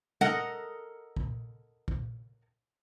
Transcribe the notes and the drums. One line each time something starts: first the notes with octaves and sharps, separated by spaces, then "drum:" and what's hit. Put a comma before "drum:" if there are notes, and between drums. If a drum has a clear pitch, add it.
A4 A#4 D#5 F#5, drum: tom G3
drum: kick A#1
drum: kick A#1